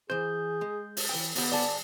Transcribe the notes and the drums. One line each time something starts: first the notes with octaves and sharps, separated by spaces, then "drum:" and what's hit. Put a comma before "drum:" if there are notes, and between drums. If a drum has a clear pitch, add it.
E3 G#4 C5 G6
G#3
drum: open hi-hat
E3 G5
D#2 B3 G4, drum: open hi-hat
D3 G3 G#4 D5 A5